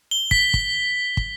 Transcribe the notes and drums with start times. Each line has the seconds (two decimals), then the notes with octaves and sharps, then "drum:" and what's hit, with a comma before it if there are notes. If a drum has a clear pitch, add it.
0.11 G7
0.31 B6, drum: kick
0.54 drum: kick
1.17 drum: kick